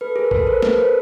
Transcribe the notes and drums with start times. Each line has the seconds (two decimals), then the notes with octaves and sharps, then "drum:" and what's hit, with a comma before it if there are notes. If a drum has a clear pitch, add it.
0.01 A4 B4
0.16 G#4 A#4
0.31 A4 B4, drum: kick A#1
0.47 A#4 C5
0.63 A4 B4, drum: snare
0.78 A#4 C5